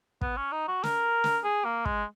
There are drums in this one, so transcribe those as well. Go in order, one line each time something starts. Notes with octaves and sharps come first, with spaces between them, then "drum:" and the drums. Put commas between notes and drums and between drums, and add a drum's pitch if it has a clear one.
B3, drum: kick
C#4
D#4
F#4
A#4, drum: snare
drum: snare
G#4
A#3
G#3, drum: kick